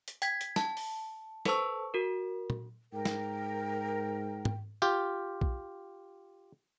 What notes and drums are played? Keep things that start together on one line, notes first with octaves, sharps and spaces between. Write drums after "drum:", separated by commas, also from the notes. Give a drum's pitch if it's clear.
drum: hi-hat
G5 G#6 B6, drum: hi-hat
drum: hi-hat
A5, drum: snare
drum: open hi-hat
A4 B4 C5 A5 C#6 E6, drum: snare
F#4 A#4
drum: tom
G#2 A#4 G5
drum: snare
drum: tom
F4 G4
drum: kick B1